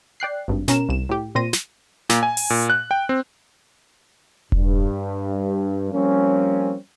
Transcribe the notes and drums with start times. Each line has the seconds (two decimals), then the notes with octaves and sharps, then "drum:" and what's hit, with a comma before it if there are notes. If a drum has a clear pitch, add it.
0.20 D5 G5 F#6 C7
0.48 G#1 G2
0.68 B2 C#4 A#4 A#5 E7, drum: snare
0.89 C2 E7
1.09 A2 G4
1.35 A#2 C4 C6 A#6 D#7
1.53 drum: snare
2.09 A#2, drum: snare
2.23 G#5
2.37 drum: open hi-hat
2.50 A#2
2.70 F#6
2.91 G5
3.09 C4
4.52 G2, drum: kick E1
5.92 F3 G3 A#3 C4 C#4